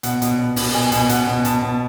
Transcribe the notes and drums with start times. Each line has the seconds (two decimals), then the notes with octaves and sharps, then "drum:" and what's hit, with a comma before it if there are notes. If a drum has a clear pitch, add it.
0.03 B2 F#5, drum: hi-hat
0.22 B2, drum: hi-hat
0.39 B2
0.56 B2, drum: open hi-hat
0.74 B2 G#5
0.86 G#5
0.92 B2, drum: hi-hat
0.98 G#5
1.09 B2 F#5, drum: hi-hat
1.27 B2
1.45 B2 A5, drum: hi-hat
1.62 B2